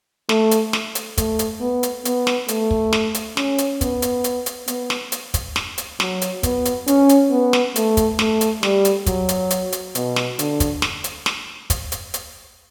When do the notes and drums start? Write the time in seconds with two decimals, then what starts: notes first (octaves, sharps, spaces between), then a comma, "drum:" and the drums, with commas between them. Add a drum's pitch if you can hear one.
0.29 A3, drum: snare
0.51 drum: hi-hat
0.73 drum: snare
0.95 drum: hi-hat
1.17 A3, drum: kick, hi-hat
1.39 drum: hi-hat
1.60 B3
1.83 drum: hi-hat
2.05 B3, drum: hi-hat
2.27 drum: snare
2.48 A3, drum: hi-hat
2.71 drum: kick
2.93 drum: snare
3.14 drum: hi-hat
3.37 C#4, drum: snare
3.58 drum: hi-hat
3.81 B3, drum: kick, hi-hat
4.02 drum: hi-hat
4.24 drum: hi-hat
4.46 drum: hi-hat
4.68 B3, drum: hi-hat
4.90 drum: snare
5.12 drum: hi-hat
5.34 drum: kick, hi-hat
5.56 drum: snare
5.78 drum: hi-hat
6.00 F#3, drum: snare
6.22 drum: hi-hat
6.43 B3, drum: kick, hi-hat
6.65 drum: hi-hat
6.88 C#4, drum: hi-hat
7.09 drum: hi-hat
7.31 B3
7.53 drum: snare
7.76 A3, drum: hi-hat
7.97 drum: kick, hi-hat
8.19 A3, drum: snare
8.41 drum: hi-hat
8.63 G3, drum: snare
8.85 drum: hi-hat
9.06 F#3, drum: kick, hi-hat
9.29 drum: hi-hat
9.51 drum: hi-hat
9.72 drum: hi-hat
9.95 B2, drum: hi-hat
10.16 drum: snare
10.39 D3, drum: hi-hat
10.60 drum: kick, hi-hat
10.82 drum: snare
11.04 drum: hi-hat
11.26 drum: snare
11.70 drum: kick, hi-hat
11.92 drum: hi-hat
12.14 drum: hi-hat